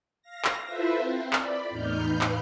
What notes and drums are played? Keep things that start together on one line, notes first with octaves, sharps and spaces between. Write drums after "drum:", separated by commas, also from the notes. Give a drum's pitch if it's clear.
F5 A#6
drum: clap
E4 F4 A4 B4 C5 E5
C4
D5 B5, drum: clap
E2 A2 D#4 F6 G6
B4 F5 B5
drum: clap